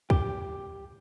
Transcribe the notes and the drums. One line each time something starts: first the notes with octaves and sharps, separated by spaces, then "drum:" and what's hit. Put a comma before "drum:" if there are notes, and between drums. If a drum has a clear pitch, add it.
G4, drum: kick